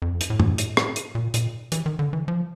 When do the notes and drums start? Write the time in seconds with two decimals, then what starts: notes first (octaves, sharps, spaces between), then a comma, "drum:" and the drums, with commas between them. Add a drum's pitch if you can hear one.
0.02 F2
0.21 drum: hi-hat
0.30 A2
0.40 drum: tom G2
0.58 drum: hi-hat
0.77 drum: rim click
0.96 drum: hi-hat
1.15 A#2
1.34 A#2, drum: hi-hat
1.72 E3, drum: hi-hat
1.86 D#3
1.99 D3
2.13 E3
2.28 F3